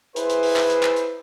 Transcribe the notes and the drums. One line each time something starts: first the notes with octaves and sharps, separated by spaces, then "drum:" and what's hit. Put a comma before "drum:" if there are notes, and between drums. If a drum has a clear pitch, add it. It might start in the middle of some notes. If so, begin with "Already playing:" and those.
E4 G#4 B4 C5, drum: hi-hat
drum: hi-hat
drum: open hi-hat
drum: clap
drum: hi-hat
drum: clap
drum: hi-hat